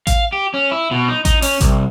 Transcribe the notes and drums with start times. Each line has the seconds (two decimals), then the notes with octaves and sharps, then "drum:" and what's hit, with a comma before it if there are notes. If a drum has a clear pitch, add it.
0.07 F5, drum: kick A1, hi-hat
0.32 G4
0.54 C#4
0.71 E4
0.91 B2
1.08 D#4
1.25 D#4, drum: kick A1, hi-hat
1.42 C#4, drum: open hi-hat
1.60 C2, drum: kick A1, hi-hat